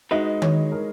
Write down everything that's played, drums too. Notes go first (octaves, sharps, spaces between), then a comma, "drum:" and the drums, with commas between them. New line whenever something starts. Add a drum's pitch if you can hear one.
G#3 D#4 F#4 B4 D#5
C#5, drum: tom D#3
A#4